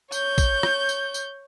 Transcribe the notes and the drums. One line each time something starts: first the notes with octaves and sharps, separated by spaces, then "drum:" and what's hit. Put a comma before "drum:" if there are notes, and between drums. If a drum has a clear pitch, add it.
C#5 G6, drum: tambourine
drum: kick, tambourine
drum: rim click
drum: tambourine
drum: tambourine